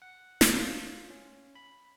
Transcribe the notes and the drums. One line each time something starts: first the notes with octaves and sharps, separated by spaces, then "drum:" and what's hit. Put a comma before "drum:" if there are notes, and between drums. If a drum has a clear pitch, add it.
F#5
drum: snare
F4
C#4
B5